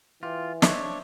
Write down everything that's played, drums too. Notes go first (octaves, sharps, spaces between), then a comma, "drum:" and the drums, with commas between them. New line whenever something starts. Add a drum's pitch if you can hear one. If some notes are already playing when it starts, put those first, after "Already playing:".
E3 F4 G4
D4 C5 C#5 D#5 E5, drum: snare